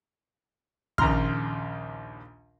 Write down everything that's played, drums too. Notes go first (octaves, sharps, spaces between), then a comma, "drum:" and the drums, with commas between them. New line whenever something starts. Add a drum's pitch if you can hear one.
A#1 D#2 C#3 A#5 C6 F6, drum: kick